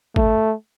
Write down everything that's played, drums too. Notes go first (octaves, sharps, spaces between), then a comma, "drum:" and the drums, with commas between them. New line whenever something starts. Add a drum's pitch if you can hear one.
A3, drum: kick